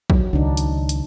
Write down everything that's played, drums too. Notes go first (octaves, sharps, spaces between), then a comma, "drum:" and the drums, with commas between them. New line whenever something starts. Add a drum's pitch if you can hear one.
F#3, drum: kick
C#2 D#3 D4 D#4
drum: hi-hat
drum: hi-hat